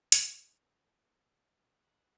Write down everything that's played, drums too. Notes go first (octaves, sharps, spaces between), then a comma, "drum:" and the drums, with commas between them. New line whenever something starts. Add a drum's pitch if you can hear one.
D#5, drum: hi-hat
F#5